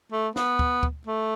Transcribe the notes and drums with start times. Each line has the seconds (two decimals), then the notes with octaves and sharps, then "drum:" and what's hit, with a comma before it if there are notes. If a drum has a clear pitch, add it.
0.12 A3
0.36 B3, drum: snare
0.59 drum: kick
0.83 drum: kick
1.07 A3